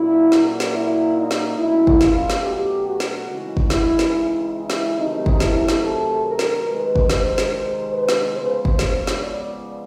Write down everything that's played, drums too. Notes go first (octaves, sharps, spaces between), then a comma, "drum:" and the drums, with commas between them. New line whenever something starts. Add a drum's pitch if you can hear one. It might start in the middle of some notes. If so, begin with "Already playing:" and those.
Already playing: A#2 F#3 A#3 E4
drum: snare
drum: snare
E4
D#4
drum: snare
B2 F#3 A3 C#4 E4
drum: kick G1
F4, drum: snare
drum: snare
G4
F#4
drum: snare
C#3 E3 G#3 C4 D#4
drum: kick G1
E4, drum: snare
drum: snare
E4
E4
drum: snare
C3 D#3 F#3 A3 C4 D#4
drum: kick G1
E4, drum: snare
drum: snare
A4
A#4
drum: snare
C3 D#3 G#3 B4
drum: kick G1
C5, drum: snare
drum: snare
B4
drum: snare
C#3 F3 G#3 B3 C5
drum: kick G1
C#5, drum: snare
drum: snare
D5